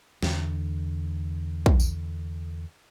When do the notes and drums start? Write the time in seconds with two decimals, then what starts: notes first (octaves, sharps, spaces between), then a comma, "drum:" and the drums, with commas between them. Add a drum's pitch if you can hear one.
0.23 E2 D3, drum: snare
1.66 drum: kick
1.80 drum: tambourine